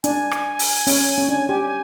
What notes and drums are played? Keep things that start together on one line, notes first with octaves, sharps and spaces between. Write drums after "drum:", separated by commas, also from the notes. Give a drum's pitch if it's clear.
D4 G#5, drum: hi-hat
drum: rim click
drum: open hi-hat
C#4, drum: open hi-hat
C#4
D4
G4